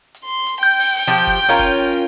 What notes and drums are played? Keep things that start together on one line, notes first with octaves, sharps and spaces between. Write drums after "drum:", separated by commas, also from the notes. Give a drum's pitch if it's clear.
drum: hi-hat
C6
drum: hi-hat
G5 G6, drum: hi-hat
drum: open hi-hat
drum: open hi-hat
F3 G4
drum: kick, hi-hat
C#4 F4 A#4
drum: kick, hi-hat
drum: hi-hat
drum: hi-hat